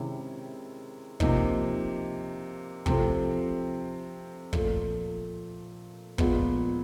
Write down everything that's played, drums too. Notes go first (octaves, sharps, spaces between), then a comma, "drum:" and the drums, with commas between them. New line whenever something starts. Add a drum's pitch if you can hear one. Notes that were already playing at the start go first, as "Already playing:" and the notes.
Already playing: C3 D#3 G#3 C#4 E4
C3 F3 A#3 D#4, drum: kick
C3 F3 A3 C4, drum: kick
A#2 F3 A3, drum: kick
A#2 F3 G#3 B3, drum: kick